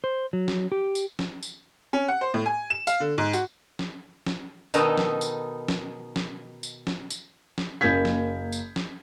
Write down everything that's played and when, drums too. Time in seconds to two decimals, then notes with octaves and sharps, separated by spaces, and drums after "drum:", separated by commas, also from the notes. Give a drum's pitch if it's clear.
0.04 C5
0.33 F#3
0.48 drum: snare
0.72 G4
0.95 drum: tambourine
1.19 drum: snare
1.43 drum: tambourine
1.93 C#4
2.08 F#5
2.21 C5
2.34 A2
2.46 G#5
2.70 E7
2.87 F5, drum: tambourine
3.00 D3
3.18 G#2
3.33 F#4, drum: tambourine
3.79 drum: snare
4.27 drum: snare
4.74 B2 D#3 D#4 A4, drum: tambourine
4.97 drum: snare
5.21 drum: tambourine
5.68 drum: snare
6.16 drum: snare
6.63 drum: tambourine
6.87 drum: snare
7.10 drum: tambourine
7.58 drum: snare
7.81 F#1 A#3 G6 G#6 B6
8.05 drum: snare
8.52 drum: tambourine
8.76 drum: snare